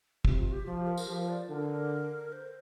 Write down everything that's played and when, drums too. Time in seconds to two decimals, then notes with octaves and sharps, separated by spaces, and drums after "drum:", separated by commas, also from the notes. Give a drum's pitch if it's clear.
0.25 C3 F4, drum: kick
0.39 F4
0.52 G4
0.66 F3 F4
0.77 G4
0.87 A#4
0.97 A#4, drum: tambourine
1.07 F3 G4
1.18 A#4
1.29 D5
1.49 D3 A#4
2.32 C5